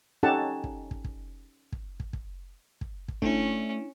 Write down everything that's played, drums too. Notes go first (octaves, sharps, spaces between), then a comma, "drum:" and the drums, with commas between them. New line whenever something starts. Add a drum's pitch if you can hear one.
C#4 D#4 G4 A4 F#5 A5
drum: kick
drum: kick
drum: kick
drum: kick
drum: kick
drum: kick
drum: kick
drum: kick
A3 C#4 D4 E4, drum: kick